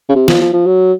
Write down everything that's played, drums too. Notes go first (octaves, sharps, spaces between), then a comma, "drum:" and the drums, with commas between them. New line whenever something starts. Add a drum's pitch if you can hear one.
C#3
C3
F3, drum: snare
F3
F3
F#3